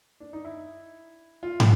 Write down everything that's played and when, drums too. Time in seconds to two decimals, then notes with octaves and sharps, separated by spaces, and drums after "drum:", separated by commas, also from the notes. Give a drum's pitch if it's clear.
0.20 D4
0.33 D#4
0.45 E4
1.43 F4
1.60 drum: tom